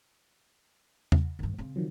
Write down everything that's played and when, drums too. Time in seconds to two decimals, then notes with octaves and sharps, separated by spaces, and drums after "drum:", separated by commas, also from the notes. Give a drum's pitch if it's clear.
1.12 drum: tom E2
1.39 G2 D#3
1.58 C#3 C4
1.76 D#3 F3 F#3